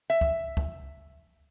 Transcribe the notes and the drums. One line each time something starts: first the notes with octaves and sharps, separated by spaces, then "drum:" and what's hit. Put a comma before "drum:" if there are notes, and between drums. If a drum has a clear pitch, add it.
E5
drum: kick
drum: kick